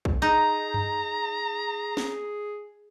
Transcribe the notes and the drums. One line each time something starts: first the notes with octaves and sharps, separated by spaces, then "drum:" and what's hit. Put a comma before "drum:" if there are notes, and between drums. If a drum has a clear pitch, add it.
drum: kick
D#4 G#4 A#5
drum: tom F#2
drum: snare